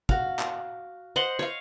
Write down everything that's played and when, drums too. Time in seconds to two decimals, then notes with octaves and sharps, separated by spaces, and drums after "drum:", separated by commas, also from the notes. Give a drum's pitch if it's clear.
0.09 F#4 F5, drum: kick
0.39 drum: clap
1.16 C5 D#5 F#5
1.39 C#5 F5